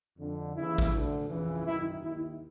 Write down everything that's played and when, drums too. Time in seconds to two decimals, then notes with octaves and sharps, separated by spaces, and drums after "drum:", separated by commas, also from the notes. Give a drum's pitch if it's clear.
0.18 F2 D3
0.55 D#2 C#3 E3 E4
0.78 drum: kick A1
0.92 D2 D3
1.28 F2 C#3 E3
1.65 F#2 D#3 E4
2.02 D#2 D#3 E4